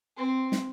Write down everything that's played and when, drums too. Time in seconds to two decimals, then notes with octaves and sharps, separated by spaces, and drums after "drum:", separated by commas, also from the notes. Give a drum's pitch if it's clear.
0.17 C4
0.52 drum: snare